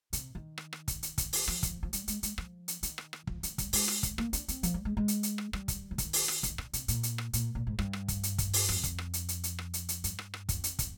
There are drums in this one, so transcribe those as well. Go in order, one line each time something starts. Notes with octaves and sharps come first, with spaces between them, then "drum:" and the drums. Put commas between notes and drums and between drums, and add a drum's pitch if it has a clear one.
C3, drum: hi-hat
D#3
drum: rim click
drum: rim click
drum: kick, hi-hat
drum: hi-hat
drum: kick, hi-hat
drum: open hi-hat
F3, drum: rim click
drum: kick, hi-hat
F3
G3, drum: hi-hat
G#3, drum: hi-hat
G#3, drum: hi-hat
F3, drum: rim click
drum: hi-hat
D#3, drum: hi-hat
drum: rim click
drum: rim click
F3, drum: kick
F3, drum: hi-hat
G3, drum: kick, hi-hat
G#3, drum: open hi-hat
drum: rim click
drum: kick, hi-hat
A#3, drum: rim click
D4, drum: hi-hat
C4, drum: hi-hat
F3, drum: hi-hat
G3
G#3
G#3
drum: hi-hat
drum: hi-hat
drum: rim click
G3, drum: rim click
drum: kick, hi-hat
F3
D#3, drum: kick, hi-hat
drum: open hi-hat
drum: rim click
D#3, drum: kick, hi-hat
D3, drum: rim click
C3, drum: hi-hat
A#2, drum: hi-hat
drum: hi-hat
drum: rim click
A#2, drum: hi-hat
A#2
G#2
G2, drum: rim click
drum: rim click
drum: kick, hi-hat
drum: hi-hat
drum: kick, hi-hat
drum: open hi-hat
F2, drum: rim click
drum: kick, hi-hat
drum: rim click
drum: hi-hat
drum: hi-hat
drum: hi-hat
drum: rim click
drum: hi-hat
drum: hi-hat
G2, drum: hi-hat
drum: rim click
drum: rim click
F2, drum: kick, hi-hat
drum: hi-hat
drum: kick, hi-hat